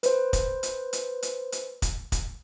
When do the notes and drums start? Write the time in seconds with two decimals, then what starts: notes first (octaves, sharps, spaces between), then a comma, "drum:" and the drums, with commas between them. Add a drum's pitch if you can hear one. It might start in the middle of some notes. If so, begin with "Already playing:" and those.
0.03 B4 C5, drum: hi-hat
0.33 drum: kick, hi-hat
0.63 drum: hi-hat
0.93 drum: hi-hat
1.22 drum: hi-hat
1.52 drum: hi-hat
1.82 drum: kick, hi-hat
2.12 drum: kick, hi-hat